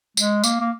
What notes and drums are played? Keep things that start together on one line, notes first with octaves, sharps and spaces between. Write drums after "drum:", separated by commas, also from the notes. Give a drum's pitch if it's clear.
G#3, drum: tambourine
A#3, drum: tambourine
A#3